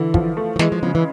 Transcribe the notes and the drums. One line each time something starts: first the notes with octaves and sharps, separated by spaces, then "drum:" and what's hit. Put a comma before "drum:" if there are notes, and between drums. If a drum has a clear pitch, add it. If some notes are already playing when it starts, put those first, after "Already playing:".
Already playing: D3 E3
F3, drum: kick
A3
F3
E3 G#3, drum: snare
F3
C#3 F3
E3